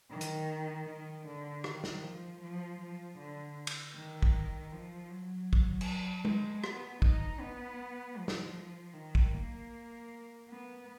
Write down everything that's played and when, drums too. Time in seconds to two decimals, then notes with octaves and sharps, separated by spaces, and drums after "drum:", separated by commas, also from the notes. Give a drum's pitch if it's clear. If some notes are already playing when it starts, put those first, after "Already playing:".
0.10 D#3
0.21 drum: hi-hat
0.88 D#3
1.26 D3
1.64 D#3, drum: rim click
1.84 drum: snare
2.03 F3
2.40 F3
2.79 F3
3.18 D3
3.67 drum: cymbal
3.95 D#3
4.23 drum: kick
4.72 F3
5.10 F#3
5.53 drum: kick
5.81 drum: cymbal
6.25 G#3, drum: tom
6.64 B3, drum: rim click
7.02 D#4, drum: kick
7.40 B3
8.17 F3
8.28 drum: snare
8.93 D#3
9.15 drum: kick
9.33 A#3
10.48 B3